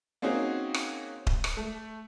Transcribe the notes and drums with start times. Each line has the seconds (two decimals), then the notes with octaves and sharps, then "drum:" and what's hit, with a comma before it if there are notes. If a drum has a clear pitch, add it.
0.22 A#3 C4 C#4 D#4 F#4 G#4
0.74 drum: rim click
1.27 drum: kick D#1
1.44 drum: rim click
1.57 A3